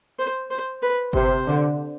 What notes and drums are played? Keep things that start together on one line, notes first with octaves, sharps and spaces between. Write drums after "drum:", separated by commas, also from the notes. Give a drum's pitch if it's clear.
C5
C5
B4
C3 C5, drum: kick G1
D3